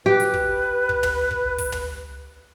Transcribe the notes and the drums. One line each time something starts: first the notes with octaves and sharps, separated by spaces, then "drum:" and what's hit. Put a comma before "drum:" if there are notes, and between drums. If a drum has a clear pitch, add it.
G4 B4
drum: hi-hat
drum: kick
drum: kick
drum: tom
drum: kick
drum: kick, open hi-hat
drum: tom